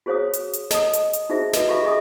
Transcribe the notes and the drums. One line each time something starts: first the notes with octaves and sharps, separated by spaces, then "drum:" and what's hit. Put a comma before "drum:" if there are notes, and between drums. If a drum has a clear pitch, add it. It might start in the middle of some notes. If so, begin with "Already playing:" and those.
F#4 G#4 C5 C#5 F5 D#6
drum: hi-hat
drum: hi-hat
D#5 A5 D#6, drum: snare
drum: hi-hat
drum: hi-hat
D#4 F#4 G#4 C5 E5
F#4 A4 B4 D#5, drum: snare
F#4 G4 A4 E5 F5 B5
G#4 A4 D#5 E5 G#5 D#6